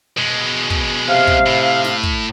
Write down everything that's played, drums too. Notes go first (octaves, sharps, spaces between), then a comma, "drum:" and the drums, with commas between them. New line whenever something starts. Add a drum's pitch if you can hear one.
B2 G#3
drum: kick
C3 F5
drum: kick
A2
drum: snare
drum: kick